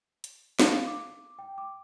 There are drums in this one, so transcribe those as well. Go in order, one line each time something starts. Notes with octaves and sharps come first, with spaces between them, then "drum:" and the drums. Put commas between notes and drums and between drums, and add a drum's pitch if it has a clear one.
drum: hi-hat
F5, drum: snare
D6
G5
D6